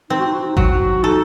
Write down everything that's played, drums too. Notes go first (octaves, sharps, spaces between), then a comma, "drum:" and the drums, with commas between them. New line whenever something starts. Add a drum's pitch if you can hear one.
C4 D#4
F#4
D#4
F#4
D#4
F#3 F#4, drum: kick G#1
D#4 A4